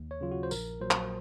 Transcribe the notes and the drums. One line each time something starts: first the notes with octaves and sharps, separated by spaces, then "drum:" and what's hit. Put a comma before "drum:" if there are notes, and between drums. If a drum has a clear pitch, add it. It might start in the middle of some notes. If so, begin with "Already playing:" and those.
Already playing: D#2
C#5
C#3 F#3 F4
F#4
C5
A#1 A#4, drum: tambourine
A#2 F#3 C5
drum: clap